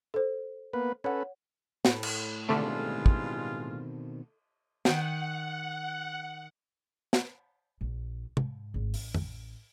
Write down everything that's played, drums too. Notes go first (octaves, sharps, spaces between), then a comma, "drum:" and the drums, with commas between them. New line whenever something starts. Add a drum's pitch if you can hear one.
A4 C5
A#3 B3 B4
C#4 A4 B4 C#5 F#5
A2, drum: snare
drum: cymbal
G2 B2 D3 D#3 G#3 A3 C4 F4
drum: kick
D#3 F#5 G5, drum: snare
drum: snare
A#1
G#2, drum: tom
G#1
A1, drum: open hi-hat
drum: tom